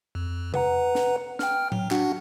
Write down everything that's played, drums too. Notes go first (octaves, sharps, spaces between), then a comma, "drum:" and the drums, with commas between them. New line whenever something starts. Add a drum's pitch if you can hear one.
F2
B4 F#5 A#5, drum: tom C3
drum: snare
G5 F6, drum: snare
F#3, drum: tom A2
D4 F#4 F#5, drum: clap